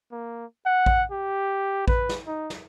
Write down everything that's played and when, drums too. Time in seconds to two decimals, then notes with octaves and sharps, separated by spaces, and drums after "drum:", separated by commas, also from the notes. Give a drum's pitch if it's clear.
0.12 A#3
0.66 F#5
0.86 drum: kick A1
1.11 G4
1.88 B4, drum: kick A1
2.09 drum: snare
2.27 D#4
2.50 drum: snare